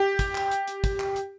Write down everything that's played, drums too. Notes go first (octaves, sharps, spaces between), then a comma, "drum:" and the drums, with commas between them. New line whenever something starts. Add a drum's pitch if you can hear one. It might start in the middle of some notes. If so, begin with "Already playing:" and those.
Already playing: G4
drum: kick, hi-hat
drum: clap
drum: hi-hat
drum: hi-hat
drum: kick, hi-hat
drum: clap
drum: hi-hat